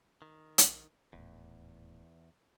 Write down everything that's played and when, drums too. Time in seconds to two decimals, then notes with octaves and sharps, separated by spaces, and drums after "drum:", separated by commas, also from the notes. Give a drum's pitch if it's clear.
0.22 D#3
0.58 drum: hi-hat
1.13 D#1 E2 A2